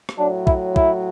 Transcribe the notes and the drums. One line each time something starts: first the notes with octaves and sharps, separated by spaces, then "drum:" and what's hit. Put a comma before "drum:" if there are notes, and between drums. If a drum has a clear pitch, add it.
drum: rim click
A2 F#3 D4
E4, drum: kick
E4, drum: kick